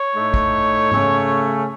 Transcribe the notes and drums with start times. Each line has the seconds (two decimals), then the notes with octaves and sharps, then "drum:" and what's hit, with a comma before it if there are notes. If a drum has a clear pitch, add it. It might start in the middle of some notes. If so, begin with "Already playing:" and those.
Already playing: C#5
0.15 A2 A3 D#4
0.34 drum: kick
0.92 C#3 A3 C#4, drum: tom G#2